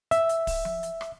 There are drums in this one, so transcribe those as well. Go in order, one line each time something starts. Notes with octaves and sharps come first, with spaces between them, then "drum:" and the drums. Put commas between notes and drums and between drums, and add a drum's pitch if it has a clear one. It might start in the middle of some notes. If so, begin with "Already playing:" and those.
E5, drum: hi-hat
drum: hi-hat
drum: kick, open hi-hat
drum: tom F3
drum: hi-hat
drum: rim click